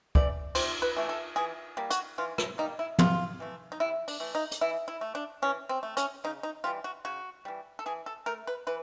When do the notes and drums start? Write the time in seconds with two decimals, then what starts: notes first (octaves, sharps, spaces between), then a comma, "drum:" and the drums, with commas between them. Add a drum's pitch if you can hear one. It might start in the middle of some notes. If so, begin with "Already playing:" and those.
0.15 E3 A3 D5, drum: kick
0.55 C3 C5, drum: cymbal
0.82 B4
0.97 E3 A3
1.09 A4
1.36 E3 G#4
1.77 G3 A#3
1.90 F#4, drum: hi-hat
2.18 E3 F4
2.38 E4, drum: rim click
2.58 G3 A#3 D#4
2.79 E4
2.99 C3 F4, drum: tom
3.40 E3 A3
3.72 D#4
3.80 C3 E4
4.08 D4, drum: open hi-hat
4.20 E3 A3
4.35 D#4
4.52 drum: hi-hat
4.61 E3 E4
4.88 E4
5.01 A3
5.15 D4
5.42 E3 C#4
5.69 C4
5.83 A3
5.97 C#4, drum: hi-hat
6.24 C#3 D#4
6.43 D#4
6.64 E3 G3 F4
6.84 F#4
7.05 C#3 F#4
7.45 E3 G3
7.79 A4
7.86 E3 G#4
8.06 A4
8.26 A3 A#4
8.47 B4
8.67 E3 B4